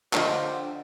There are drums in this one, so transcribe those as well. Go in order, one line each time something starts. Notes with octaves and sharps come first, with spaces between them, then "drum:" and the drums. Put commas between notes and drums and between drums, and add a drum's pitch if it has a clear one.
D3 F3 F4 G4 A#4 C5 D#5 G5, drum: clap